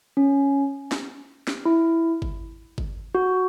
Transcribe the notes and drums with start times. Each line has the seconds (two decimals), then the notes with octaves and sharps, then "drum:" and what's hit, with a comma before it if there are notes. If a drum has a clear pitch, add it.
0.17 C#4
0.92 drum: snare
1.47 drum: snare
1.65 E4
2.22 drum: kick G1
2.78 drum: kick G1
3.15 F#4